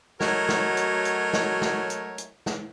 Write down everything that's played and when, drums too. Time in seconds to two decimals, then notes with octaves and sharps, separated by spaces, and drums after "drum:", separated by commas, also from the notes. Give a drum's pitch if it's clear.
0.20 F#3 A3 F#4 A#4 C#5 D#5, drum: snare
0.49 drum: snare
0.77 drum: hi-hat
1.05 drum: hi-hat
1.33 drum: snare
1.62 drum: snare
1.90 drum: hi-hat
2.18 drum: hi-hat
2.46 drum: snare